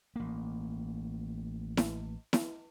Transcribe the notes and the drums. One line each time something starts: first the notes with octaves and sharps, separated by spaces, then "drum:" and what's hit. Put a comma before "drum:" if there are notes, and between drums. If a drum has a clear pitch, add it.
A1 A#3
drum: snare E4
drum: snare E4